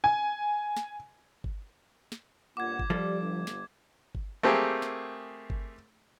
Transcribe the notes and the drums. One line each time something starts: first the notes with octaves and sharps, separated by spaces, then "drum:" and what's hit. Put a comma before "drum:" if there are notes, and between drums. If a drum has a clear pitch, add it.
G#5
drum: snare
drum: kick G1
drum: snare
G1 A#2 F#5 D6 G#6
drum: kick G1
F3 G3 G4 A4 D5
G1
drum: snare
drum: kick G1
A3 A#3 C4 G4 G#4
drum: snare
drum: kick G1